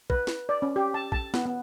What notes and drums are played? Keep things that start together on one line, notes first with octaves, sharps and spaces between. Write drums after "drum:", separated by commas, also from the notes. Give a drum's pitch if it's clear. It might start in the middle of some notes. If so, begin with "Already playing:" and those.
B4, drum: kick
drum: snare
D5
C#4
G4
A5
A5, drum: kick
B3, drum: snare
B3